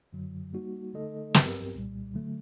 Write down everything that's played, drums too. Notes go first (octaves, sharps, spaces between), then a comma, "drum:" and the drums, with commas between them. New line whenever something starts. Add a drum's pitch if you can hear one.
F#2 D3 F#3
G3 A#3 D#4 F#4
D3 A3 D#4 A4 D#5
G2 F#3 C4 G4 A#4, drum: snare
C2 A#2 G3
D3 F#3 A3